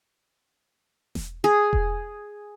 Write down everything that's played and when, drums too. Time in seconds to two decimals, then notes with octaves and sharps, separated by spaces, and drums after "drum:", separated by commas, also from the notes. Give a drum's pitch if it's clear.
1.15 drum: snare E1
1.44 G#4
1.73 drum: kick E1